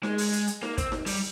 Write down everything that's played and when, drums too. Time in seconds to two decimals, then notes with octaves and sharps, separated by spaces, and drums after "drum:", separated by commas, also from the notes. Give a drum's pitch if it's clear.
0.03 G#3, drum: snare D#4
0.18 drum: open hi-hat
0.33 drum: hi-hat
0.48 drum: hi-hat
0.63 A#3, drum: snare D#4
0.78 C4, drum: kick, hi-hat
0.92 drum: snare D#4
1.06 G3, drum: open hi-hat